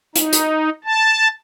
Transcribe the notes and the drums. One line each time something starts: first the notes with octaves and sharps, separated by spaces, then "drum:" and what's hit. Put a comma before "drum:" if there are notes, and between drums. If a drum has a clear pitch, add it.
D#4, drum: hi-hat
drum: hi-hat
A5